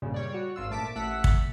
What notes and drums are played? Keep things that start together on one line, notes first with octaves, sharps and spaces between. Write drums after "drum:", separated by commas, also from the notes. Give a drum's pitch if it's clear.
B1 G2 A#2 C#3
G3 C#5 D5
F#4
G#1 F4 E6
A#1 A3 A5 D6 B6
A1 A3 F#5 E6 B6
drum: kick